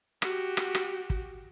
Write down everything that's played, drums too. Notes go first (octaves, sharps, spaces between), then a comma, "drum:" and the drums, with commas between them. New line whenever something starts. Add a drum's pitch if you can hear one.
F#4 G4, drum: rim click
drum: rim click
drum: rim click
drum: kick